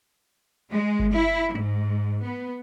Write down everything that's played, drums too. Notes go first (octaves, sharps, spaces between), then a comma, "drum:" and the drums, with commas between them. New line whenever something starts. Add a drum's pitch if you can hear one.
G#3
drum: kick G1
E4
G#2
B3